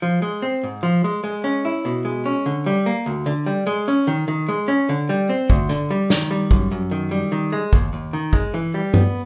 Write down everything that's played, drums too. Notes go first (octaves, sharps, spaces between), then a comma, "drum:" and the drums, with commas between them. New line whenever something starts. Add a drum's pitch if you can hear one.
F3
G#3
C4
G#2
F3
G#3
G#3
C#4
E4
B2
G#3
C#4
D3
G3
A#3
D2
D3
G3
G#3
C#4
D#3
D#3
G#3
C#4
D3
G3
C4
D2, drum: kick
D3, drum: hi-hat
G3
D#3, drum: snare
G3
F#2, drum: kick
F#2
D#3
G3
D#3
G#3
D#2, drum: kick
D#2
D#3
G#3, drum: kick
E3
G3
B3, drum: tom G2